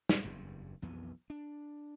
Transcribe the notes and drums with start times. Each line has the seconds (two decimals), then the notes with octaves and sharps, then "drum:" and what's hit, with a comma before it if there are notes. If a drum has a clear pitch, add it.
0.09 drum: snare
0.24 F#1 E2 G2
0.82 B1 F2 E3 B3
1.30 D4